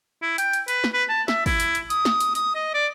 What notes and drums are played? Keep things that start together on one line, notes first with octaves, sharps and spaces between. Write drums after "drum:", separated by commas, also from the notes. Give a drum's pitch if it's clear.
E4
G5, drum: hi-hat
drum: hi-hat
B4, drum: hi-hat
drum: snare
B4
A5
E5, drum: snare
E4, drum: kick, open hi-hat
drum: hi-hat
drum: hi-hat
D#6, drum: hi-hat
drum: snare
drum: hi-hat
D#6, drum: hi-hat
D#5
D5